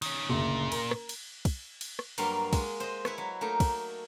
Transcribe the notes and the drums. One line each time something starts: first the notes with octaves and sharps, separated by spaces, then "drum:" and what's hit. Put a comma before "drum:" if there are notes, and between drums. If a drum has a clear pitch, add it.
D#3 C#4, drum: cymbal
F#1 D2 A#2
A#4, drum: cymbal
drum: rim click
drum: cymbal
drum: kick, cymbal
drum: cymbal
drum: rim click
G2 F#3 G3 A#3 F5 C6, drum: cymbal
G#3, drum: kick, cymbal
C5 D#5
E4 B4 C#5, drum: rim click
F#3
A3 A#3 D#4 A#4
drum: kick, cymbal